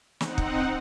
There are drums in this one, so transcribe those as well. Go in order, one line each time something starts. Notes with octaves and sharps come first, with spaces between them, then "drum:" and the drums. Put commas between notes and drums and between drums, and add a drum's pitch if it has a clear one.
C4 D#4 F#5, drum: snare
drum: kick